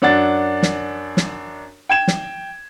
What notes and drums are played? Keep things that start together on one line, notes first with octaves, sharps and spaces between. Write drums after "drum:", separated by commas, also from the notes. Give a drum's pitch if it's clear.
F#2 D4 F#5 A6
drum: snare
drum: snare
G5 G#6 E7
drum: snare